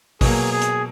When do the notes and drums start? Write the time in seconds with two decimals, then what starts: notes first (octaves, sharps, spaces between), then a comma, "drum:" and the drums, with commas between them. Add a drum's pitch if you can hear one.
0.21 B2 F#3 A#3 G#4, drum: kick A1, open hi-hat
0.51 G#4
0.61 drum: hi-hat